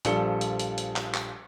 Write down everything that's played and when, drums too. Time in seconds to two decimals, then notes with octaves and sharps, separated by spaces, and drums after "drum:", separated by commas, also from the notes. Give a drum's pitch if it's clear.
0.05 A#1 F3 G3 A4 C#7 G7, drum: hi-hat
0.41 drum: hi-hat
0.59 drum: hi-hat
0.78 drum: hi-hat
0.96 drum: clap
1.14 drum: clap